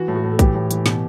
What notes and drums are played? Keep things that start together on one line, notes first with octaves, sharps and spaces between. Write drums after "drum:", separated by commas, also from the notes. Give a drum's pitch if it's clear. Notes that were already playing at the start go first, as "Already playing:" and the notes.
Already playing: E3 F#4
A2
F#4
A2
A4
E3 G4, drum: kick A#1, hi-hat
A2
E3, drum: hi-hat
B2, drum: snare